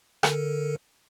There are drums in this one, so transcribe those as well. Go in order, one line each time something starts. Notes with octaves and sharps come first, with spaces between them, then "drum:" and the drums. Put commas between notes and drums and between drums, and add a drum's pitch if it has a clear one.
D3 A4 A#4, drum: rim click